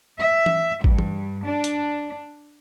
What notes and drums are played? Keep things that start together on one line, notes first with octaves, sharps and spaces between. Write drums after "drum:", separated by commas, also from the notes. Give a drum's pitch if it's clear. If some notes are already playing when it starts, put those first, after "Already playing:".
E5
drum: tom E3
G2, drum: kick A1
drum: tom E3
D4
drum: hi-hat